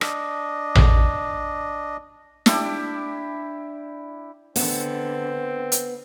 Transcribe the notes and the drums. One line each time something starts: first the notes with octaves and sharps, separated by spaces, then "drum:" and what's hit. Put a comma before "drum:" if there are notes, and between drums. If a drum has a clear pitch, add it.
D4 D#5, drum: rim click
drum: tom A1
D4 E4 G4, drum: snare
D3 B3 C4, drum: open hi-hat
drum: hi-hat